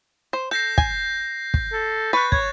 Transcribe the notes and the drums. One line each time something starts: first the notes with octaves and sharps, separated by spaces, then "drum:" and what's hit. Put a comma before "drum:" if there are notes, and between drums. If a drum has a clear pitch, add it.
C5
A4 G6 A#6 C7
G#5, drum: kick
drum: kick
A4
B4 C#6 F#6 G6 A6
C#5 G#6, drum: kick